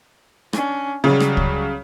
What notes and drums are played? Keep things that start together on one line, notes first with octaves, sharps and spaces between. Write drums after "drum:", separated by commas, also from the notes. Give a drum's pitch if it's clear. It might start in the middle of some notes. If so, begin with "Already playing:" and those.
C#4 D4, drum: rim click
C#3 F#3 G3
drum: rim click
drum: kick C#2